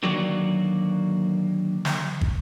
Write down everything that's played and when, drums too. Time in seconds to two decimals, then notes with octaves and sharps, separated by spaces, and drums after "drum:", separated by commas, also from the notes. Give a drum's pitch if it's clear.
0.03 D3 D#3 F#3 A#3 F#4 D5
1.85 drum: snare
2.21 drum: kick